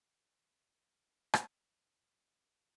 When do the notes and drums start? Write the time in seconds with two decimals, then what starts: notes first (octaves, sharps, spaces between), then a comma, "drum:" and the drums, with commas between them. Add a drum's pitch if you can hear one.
0.12 A#2 F3 G#5
0.24 G5
0.35 G#5
1.34 drum: rim click